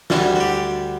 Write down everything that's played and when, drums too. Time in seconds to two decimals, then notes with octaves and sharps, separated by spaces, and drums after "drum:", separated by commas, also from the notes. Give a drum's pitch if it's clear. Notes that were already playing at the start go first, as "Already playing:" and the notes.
0.10 D2 D3 G3 A4, drum: snare
0.36 F#4
0.41 G4